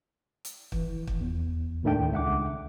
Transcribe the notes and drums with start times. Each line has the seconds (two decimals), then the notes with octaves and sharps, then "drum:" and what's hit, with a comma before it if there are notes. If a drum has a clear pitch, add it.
0.45 drum: hi-hat
0.72 E3, drum: kick
1.07 drum: kick
1.21 E2
1.83 D#2 A2 D#3 A3 D4 G5
2.12 C#2 E5 F#5 D6